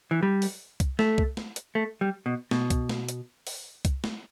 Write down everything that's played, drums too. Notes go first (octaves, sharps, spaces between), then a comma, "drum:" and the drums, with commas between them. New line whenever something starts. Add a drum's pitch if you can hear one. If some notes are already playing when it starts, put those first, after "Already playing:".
E3
G3
drum: open hi-hat
drum: kick C2, hi-hat
A3, drum: snare
drum: kick C2
drum: snare
drum: hi-hat
A3
G3
B2
B2, drum: snare
drum: kick C2, hi-hat
drum: snare
drum: hi-hat
drum: open hi-hat
drum: kick C2, hi-hat
drum: snare